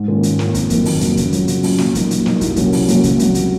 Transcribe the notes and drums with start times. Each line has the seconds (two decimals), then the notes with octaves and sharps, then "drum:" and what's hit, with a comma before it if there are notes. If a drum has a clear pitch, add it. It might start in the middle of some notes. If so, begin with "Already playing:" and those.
Already playing: G#2
0.08 D#3 A#3 C#4 F4
0.23 G#2, drum: hi-hat
0.39 D#3 A#3 C#4 F4, drum: snare
0.54 F2, drum: kick, hi-hat
0.70 D#3 F#3 A#3, drum: kick, hi-hat
0.85 F2, drum: open hi-hat
1.01 D#3 F#3 A#3, drum: hi-hat
1.17 C#3, drum: kick, hi-hat
1.33 F#3 C#4 F4, drum: hi-hat
1.48 C#3, drum: hi-hat
1.63 F#3 C#4 F4, drum: open hi-hat
1.78 A#2, drum: snare
1.95 F#3 A#3 D#4, drum: kick, hi-hat
2.11 A#2, drum: hi-hat
2.26 F#3 A#3 D#4, drum: snare
2.41 C2, drum: kick, hi-hat
2.56 A#2 F#3 A#3 C#4, drum: kick, hi-hat
2.72 C2, drum: open hi-hat
2.88 A#2 F#3 A#3 C#4, drum: hi-hat
3.03 C#2, drum: kick, hi-hat
3.19 C3 F#3, drum: hi-hat
3.35 drum: hi-hat